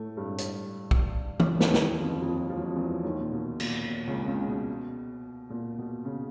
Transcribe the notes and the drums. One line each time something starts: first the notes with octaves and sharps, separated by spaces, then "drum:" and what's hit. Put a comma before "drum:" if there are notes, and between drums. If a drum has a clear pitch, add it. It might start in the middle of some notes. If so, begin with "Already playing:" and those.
Already playing: A2 A3
G2 G3
drum: hi-hat
drum: kick
C#2 C#3, drum: tom
D#2 D#3, drum: snare
D#3, drum: snare
E2 E3
F2 F3
F2 F3
F3
F#3
F2 F3
E2 E3
D#2 D#3
A#2
B2
A#2, drum: cymbal
A#2
C#2 C#3
C#2 C#3
B2
A#2
B2
C#3